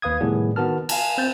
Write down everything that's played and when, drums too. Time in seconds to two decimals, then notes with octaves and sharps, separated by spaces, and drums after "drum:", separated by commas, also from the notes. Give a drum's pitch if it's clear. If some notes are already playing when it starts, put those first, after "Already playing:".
0.02 D#2 B4 F5 D#6 G#6
0.21 A2 C3 D#3 G3 B3 G#4
0.56 D#3 B3 F#4 A#4 A5 F6
0.89 F5 G#5 A5, drum: cymbal
1.18 C4 G6 A6